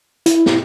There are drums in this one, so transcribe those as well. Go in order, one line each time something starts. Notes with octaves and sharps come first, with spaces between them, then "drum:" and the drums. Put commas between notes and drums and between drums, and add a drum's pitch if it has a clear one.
E4, drum: hi-hat
drum: snare